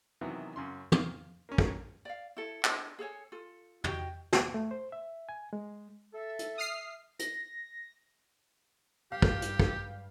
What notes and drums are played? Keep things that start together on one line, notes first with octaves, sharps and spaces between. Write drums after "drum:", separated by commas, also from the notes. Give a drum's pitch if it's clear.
C3 D#3 E3 F#3 B3
F#2 C#3 C6
F5, drum: tom
A#3 C#4
drum: kick
D5 F5
E4 A4
D4 G#4, drum: clap
G#4 A4 C#5 G#5
F4 A4
F#4 G4 D#5 G5, drum: tom
G#4, drum: snare
A3
C5
E5
G#5
G#3
A4 E5
drum: hi-hat
D#6 F6 C7
A#6, drum: hi-hat
G2 G3 G4 F5
drum: kick
drum: hi-hat
drum: kick